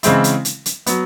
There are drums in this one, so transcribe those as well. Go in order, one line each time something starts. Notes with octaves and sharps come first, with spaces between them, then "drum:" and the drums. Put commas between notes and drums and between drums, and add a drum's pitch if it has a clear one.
C#3 E3 G#3 C4 E4, drum: hi-hat
drum: hi-hat
drum: hi-hat
drum: hi-hat
F#3 B3, drum: hi-hat